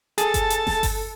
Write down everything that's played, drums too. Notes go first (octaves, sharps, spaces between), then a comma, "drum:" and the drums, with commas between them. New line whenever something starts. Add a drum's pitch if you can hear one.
G#4 A4 A5, drum: hi-hat
drum: kick G1, hi-hat
drum: hi-hat
drum: snare F1
drum: kick G1, open hi-hat